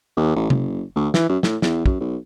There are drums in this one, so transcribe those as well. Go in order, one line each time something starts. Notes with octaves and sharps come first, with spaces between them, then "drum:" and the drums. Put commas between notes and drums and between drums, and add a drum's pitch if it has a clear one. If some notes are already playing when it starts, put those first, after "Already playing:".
D#2
A1
F#1, drum: tom C3
D2
E3, drum: snare
F#2
A2, drum: snare
E2, drum: snare
F#2, drum: kick
B1